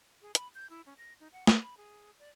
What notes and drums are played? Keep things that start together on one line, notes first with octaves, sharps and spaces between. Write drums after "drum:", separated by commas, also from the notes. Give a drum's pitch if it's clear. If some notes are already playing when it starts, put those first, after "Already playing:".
G#4
B5, drum: hi-hat
G6
E4
C#4
A#6
D#4
F#5
D#6, drum: snare A3
B5
G#4
D5